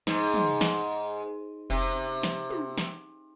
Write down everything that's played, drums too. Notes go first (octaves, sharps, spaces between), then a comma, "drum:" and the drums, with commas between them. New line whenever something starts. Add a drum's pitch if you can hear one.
G#2, drum: snare
drum: tom
drum: snare
C3, drum: kick F1
drum: snare
drum: tom
drum: snare